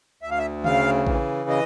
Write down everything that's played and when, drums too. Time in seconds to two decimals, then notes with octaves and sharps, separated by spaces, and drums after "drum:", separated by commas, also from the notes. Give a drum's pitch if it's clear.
0.22 D2 E5
0.31 F5
0.38 E5
0.64 C#3 F5, drum: tom D3
1.07 E3, drum: kick A1
1.49 D#5